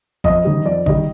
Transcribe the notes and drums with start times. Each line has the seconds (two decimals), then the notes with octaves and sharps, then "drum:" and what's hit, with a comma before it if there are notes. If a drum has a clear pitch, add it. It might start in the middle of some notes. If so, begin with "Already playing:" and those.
0.24 F2 D#5, drum: kick G#1
0.45 D#3 G3
0.65 F2 D5
0.86 D#3 G3 D#5, drum: kick G#1